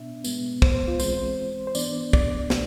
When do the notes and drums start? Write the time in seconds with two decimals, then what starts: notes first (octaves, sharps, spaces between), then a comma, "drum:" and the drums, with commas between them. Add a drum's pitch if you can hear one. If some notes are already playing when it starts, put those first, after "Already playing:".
Already playing: B2 B3 D4 E5
0.24 B2 G#3 B3, drum: tambourine
0.62 C5, drum: kick
0.75 C5
0.88 F4
1.00 E3 G#3 C4 C5, drum: tambourine
1.67 C5
1.75 E3 B3 D4 D5, drum: tambourine
2.13 D5, drum: kick
2.50 B2 A3 D4, drum: snare